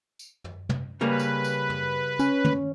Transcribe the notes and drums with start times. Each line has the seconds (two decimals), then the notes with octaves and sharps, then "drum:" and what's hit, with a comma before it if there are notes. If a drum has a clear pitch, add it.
0.19 drum: tambourine
0.44 drum: tom
0.69 drum: tom
1.01 C#3 G3 A#3 B4
1.19 drum: tambourine
1.44 drum: tambourine
1.69 drum: tom
2.19 C#4, drum: tambourine
2.44 drum: tom